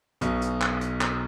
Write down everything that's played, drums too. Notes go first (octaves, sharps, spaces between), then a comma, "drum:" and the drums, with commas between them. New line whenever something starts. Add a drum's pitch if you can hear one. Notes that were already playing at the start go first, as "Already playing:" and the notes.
B1 B2, drum: hi-hat
drum: hi-hat
drum: clap
drum: hi-hat
drum: clap